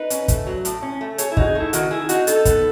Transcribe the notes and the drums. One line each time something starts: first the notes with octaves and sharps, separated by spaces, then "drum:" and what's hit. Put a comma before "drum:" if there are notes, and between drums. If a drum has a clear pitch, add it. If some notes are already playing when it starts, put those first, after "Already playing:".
Already playing: D#4 B4
C#4, drum: hi-hat
A3, drum: kick, hi-hat
F#3
A2, drum: hi-hat
C#4
A3
G#4 C#5, drum: hi-hat
E4
D#4 F#4, drum: kick
G#4
A3 E4
D#3 F#4, drum: hi-hat
E4 G#4
D#4 F#4, drum: hi-hat
D#4 A4, drum: hi-hat
B3, drum: kick, hi-hat